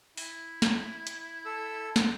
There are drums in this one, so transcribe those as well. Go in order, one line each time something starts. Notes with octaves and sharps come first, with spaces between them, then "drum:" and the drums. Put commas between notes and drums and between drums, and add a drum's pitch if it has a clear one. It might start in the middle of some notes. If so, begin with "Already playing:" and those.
E4, drum: open hi-hat
drum: snare
drum: hi-hat
A4 E6
drum: snare